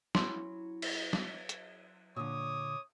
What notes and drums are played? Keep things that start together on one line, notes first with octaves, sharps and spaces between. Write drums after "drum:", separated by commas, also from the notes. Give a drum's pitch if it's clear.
F#3 C#4 E4 C6, drum: snare
drum: cymbal
drum: snare
drum: hi-hat
A#2 D3 C#5 D6 D#6